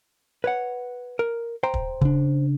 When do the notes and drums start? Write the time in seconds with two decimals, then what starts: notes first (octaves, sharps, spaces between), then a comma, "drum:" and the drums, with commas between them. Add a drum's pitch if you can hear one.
0.44 B4 C#5 F#5
1.19 A#4
1.63 C5 G5 A#5
1.74 drum: kick
2.01 C#3 D4, drum: kick